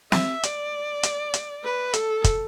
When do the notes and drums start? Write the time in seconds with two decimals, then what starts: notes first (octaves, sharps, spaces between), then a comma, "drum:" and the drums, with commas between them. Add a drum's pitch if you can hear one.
0.12 E5, drum: snare
0.43 D5, drum: hi-hat
1.03 drum: hi-hat
1.34 drum: hi-hat
1.64 B4
1.94 A4, drum: hi-hat
2.24 drum: kick, hi-hat